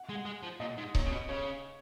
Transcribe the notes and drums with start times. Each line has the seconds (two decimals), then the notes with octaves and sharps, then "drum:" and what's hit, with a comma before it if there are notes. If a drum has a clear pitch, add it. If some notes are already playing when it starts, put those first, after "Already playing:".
Already playing: F#5
0.09 G#3
0.15 F#5
0.25 G#3
0.43 F3
0.60 A#2 D#5
0.77 G#2
0.95 A#2 C#5, drum: kick C#1
1.05 C#3
1.11 B2
1.28 C#3 C#5